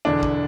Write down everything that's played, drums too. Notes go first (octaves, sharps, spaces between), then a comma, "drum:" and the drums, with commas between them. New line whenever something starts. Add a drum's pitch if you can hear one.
E1 E2 D3 D4
drum: kick